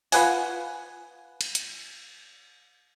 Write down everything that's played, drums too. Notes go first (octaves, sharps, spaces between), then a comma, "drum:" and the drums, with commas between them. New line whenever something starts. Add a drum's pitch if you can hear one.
F4 B4 F#5 G#5, drum: open hi-hat
drum: cymbal
drum: hi-hat